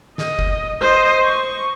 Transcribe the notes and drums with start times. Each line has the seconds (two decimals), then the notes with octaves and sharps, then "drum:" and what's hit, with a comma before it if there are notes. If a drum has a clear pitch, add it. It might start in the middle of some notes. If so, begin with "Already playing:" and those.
0.18 D#5, drum: snare
0.39 drum: kick F#1
0.81 C5 D#5
1.25 C#6